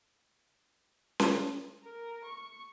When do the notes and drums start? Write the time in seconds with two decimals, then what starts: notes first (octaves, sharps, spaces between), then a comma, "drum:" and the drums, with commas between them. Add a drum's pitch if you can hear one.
1.20 drum: snare C#4
1.84 A#4
2.25 C#6